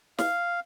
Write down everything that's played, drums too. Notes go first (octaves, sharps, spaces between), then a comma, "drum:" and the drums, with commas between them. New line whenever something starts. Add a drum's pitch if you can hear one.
F5, drum: snare